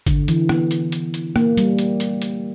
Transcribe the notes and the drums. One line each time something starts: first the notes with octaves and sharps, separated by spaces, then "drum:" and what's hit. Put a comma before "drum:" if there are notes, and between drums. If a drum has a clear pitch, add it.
D3, drum: kick G#1, hi-hat
E3, drum: hi-hat
B3, drum: rim click
drum: hi-hat
drum: hi-hat
drum: hi-hat
A#3, drum: rim click
G3, drum: hi-hat
drum: hi-hat
drum: hi-hat
drum: hi-hat